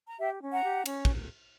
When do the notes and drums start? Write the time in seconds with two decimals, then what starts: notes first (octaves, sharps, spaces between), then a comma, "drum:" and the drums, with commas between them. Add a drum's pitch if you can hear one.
0.07 A#5
0.19 G4 E5 G5
0.41 C#4
0.52 F#5 A#5
0.63 G4
0.86 C#4, drum: cymbal
1.05 drum: kick